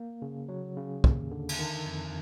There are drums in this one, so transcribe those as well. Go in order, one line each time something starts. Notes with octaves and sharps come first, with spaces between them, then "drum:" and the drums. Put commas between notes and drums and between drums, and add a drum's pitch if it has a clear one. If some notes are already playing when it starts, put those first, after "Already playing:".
Already playing: A#3
C#3
F#3
C#3
D#2, drum: kick
D3
drum: cymbal
D#3
F2